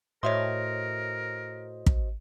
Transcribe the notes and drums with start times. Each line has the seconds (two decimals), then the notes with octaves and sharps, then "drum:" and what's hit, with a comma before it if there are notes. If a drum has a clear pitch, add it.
0.23 A2 F#4 A#4 C5 C#5 D#5 E5 C6
1.86 drum: kick